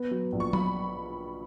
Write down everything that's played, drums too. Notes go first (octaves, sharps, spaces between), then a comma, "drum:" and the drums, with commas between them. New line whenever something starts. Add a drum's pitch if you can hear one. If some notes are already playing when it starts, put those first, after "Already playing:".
Already playing: B3
F#3
A#1
C#6
B5, drum: tom